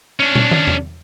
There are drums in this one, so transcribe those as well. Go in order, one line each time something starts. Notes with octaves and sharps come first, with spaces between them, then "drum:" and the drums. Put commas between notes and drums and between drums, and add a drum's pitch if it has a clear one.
C#4 D4
drum: tom
drum: tom
drum: tom E2